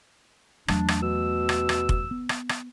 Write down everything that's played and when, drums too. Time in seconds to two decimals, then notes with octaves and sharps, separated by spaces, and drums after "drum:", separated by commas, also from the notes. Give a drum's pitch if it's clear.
0.68 E2 F#3 A3 D4, drum: rim click
0.88 drum: rim click
1.02 B2 E6
1.49 drum: rim click
1.69 drum: rim click
1.89 drum: kick F1
2.11 B3
2.29 drum: rim click
2.49 drum: rim click